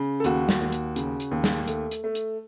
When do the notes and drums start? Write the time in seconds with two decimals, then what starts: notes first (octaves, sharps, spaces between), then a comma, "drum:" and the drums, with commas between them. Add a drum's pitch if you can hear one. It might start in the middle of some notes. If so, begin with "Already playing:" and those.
Already playing: C#3
0.20 A4
0.24 D#2 F#4, drum: hi-hat
0.49 drum: snare
0.60 D#2
0.72 drum: hi-hat
0.96 C#3, drum: hi-hat
1.20 drum: hi-hat
1.31 D#2
1.44 drum: snare
1.68 A3, drum: hi-hat
1.91 drum: hi-hat
2.04 A3
2.15 drum: hi-hat